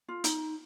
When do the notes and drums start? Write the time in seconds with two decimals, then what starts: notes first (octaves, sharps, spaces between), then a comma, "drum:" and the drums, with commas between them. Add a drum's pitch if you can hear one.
0.08 F4
0.24 D#4, drum: hi-hat